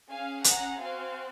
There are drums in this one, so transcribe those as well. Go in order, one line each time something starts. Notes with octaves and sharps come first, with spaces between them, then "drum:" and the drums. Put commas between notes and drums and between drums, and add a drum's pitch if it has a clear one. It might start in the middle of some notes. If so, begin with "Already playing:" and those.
C#4 G#4 F5 G#5
F#5 A#5, drum: hi-hat
C4 F#4 F5 G#5